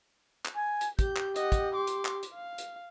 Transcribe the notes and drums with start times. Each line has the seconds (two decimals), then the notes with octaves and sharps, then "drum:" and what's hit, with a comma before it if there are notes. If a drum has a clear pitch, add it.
0.46 drum: clap
0.55 G#5
0.81 drum: hi-hat
0.99 G4 G6, drum: kick, hi-hat
1.16 drum: clap
1.36 D#5 F#5, drum: hi-hat
1.52 drum: kick, hi-hat
1.74 C6 D6
1.87 drum: hi-hat
2.05 drum: clap
2.23 drum: hi-hat
2.35 F5
2.58 drum: hi-hat